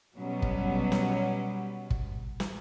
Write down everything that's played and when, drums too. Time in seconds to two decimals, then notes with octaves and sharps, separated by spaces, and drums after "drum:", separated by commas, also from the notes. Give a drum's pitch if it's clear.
0.18 B2 F#3 G3 B3 C#4
0.42 drum: kick
0.92 drum: snare
1.90 drum: kick
2.40 drum: snare